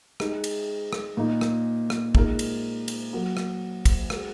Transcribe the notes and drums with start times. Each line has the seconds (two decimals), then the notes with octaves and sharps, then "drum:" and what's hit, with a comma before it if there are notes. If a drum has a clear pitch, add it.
0.20 G#3 D#4 G#4, drum: rim click
0.44 drum: cymbal
0.93 drum: rim click
1.17 A#2 A#3 D#4
1.41 drum: rim click
1.90 drum: rim click
2.15 A#2 G#3 D#4 A#4, drum: kick
2.39 drum: cymbal
2.88 drum: cymbal
3.13 F#3 A#3 F#4 A#4
3.37 drum: rim click
3.85 drum: kick, cymbal
4.10 G#3 F#4 A#4, drum: rim click